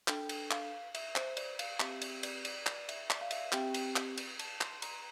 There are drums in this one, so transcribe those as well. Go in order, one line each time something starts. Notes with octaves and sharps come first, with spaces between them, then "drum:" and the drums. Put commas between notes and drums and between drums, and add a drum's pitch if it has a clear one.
D4 A4 G5, drum: clap
drum: cymbal
F5, drum: clap
E5, drum: cymbal
C5, drum: clap
D5, drum: cymbal
F5, drum: cymbal
C4 G4 E5, drum: clap
D5, drum: cymbal
D5, drum: cymbal
D5, drum: cymbal
D5, drum: clap
E5, drum: cymbal
D5, drum: clap
F5
E5, drum: cymbal
C4 G4 G5, drum: clap
drum: cymbal
drum: clap
drum: cymbal
A5, drum: cymbal
C6, drum: clap
A#5, drum: cymbal